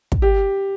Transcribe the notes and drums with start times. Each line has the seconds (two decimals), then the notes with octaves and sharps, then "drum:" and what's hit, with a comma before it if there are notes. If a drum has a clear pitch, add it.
0.12 drum: kick
0.22 G4